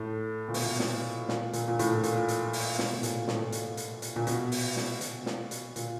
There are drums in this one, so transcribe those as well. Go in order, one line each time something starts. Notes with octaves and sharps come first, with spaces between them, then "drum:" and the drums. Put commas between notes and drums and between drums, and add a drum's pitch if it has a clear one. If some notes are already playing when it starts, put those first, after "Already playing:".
Already playing: A2
A#2
B2, drum: open hi-hat
drum: snare
A#2, drum: snare
A#2, drum: hi-hat
A#2
A2, drum: hi-hat
A#2, drum: hi-hat
drum: hi-hat
drum: open hi-hat
B2, drum: snare
A2
A#2, drum: hi-hat
A2, drum: snare
A#2, drum: hi-hat
drum: hi-hat
drum: hi-hat
A#2
B2, drum: hi-hat
drum: open hi-hat
drum: snare
B2, drum: hi-hat
drum: snare
drum: hi-hat
A#2, drum: hi-hat